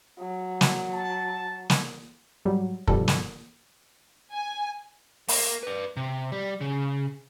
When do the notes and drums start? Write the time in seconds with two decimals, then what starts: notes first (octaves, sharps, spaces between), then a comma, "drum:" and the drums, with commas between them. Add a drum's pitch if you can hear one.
0.20 F#3
0.61 drum: snare
0.91 A5
1.70 drum: snare
2.45 G#2 F#3 G3
2.87 G2 B2 D3 F3 G3 A4, drum: kick
3.08 drum: snare
4.33 G#5
5.28 A#3, drum: open hi-hat
5.63 B4 D5
5.97 C3
6.32 G3
6.60 C#3